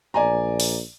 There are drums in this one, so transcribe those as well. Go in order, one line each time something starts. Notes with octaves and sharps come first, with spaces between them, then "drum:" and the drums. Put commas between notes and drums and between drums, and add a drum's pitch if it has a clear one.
A#1 D5 G#5 A#5
drum: open hi-hat